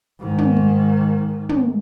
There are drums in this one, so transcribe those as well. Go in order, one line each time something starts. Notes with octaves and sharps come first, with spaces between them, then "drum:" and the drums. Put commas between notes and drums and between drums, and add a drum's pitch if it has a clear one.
G#2 D#3
drum: tom
drum: kick
drum: tom